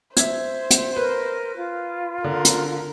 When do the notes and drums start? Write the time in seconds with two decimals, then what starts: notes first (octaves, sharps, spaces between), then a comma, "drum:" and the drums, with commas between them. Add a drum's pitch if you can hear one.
0.17 C5 E5 G#6, drum: hi-hat
0.70 drum: hi-hat
0.96 A#4 B4
1.57 F4
2.24 D3 A#4
2.45 drum: hi-hat